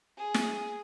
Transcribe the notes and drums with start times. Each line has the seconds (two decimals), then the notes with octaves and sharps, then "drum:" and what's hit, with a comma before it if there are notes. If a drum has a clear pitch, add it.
0.18 G#4
0.34 drum: snare